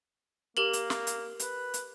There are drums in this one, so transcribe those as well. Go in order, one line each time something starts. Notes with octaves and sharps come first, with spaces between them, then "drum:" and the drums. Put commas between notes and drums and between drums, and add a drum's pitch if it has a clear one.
A#3 G4 A#4 F#7
drum: hi-hat
drum: snare
drum: hi-hat
B4, drum: hi-hat
drum: hi-hat